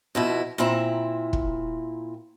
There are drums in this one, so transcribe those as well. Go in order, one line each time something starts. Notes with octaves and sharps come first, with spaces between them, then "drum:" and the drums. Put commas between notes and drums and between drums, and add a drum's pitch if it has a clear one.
F2 B2 E4
A#2 C4 E4 A#5
drum: kick